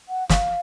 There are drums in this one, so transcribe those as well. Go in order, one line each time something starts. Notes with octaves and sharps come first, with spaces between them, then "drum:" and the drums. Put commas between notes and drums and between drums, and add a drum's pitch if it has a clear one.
F#5
F5, drum: snare